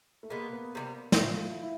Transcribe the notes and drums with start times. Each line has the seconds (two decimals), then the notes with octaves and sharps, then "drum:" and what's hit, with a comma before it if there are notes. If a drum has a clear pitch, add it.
0.23 A3
0.30 B2 G#3 A#3 B3
0.53 B3
0.75 C3 E3 G3
1.12 E4, drum: snare
1.22 D3 F3 A3 F4
1.44 E4
1.62 E4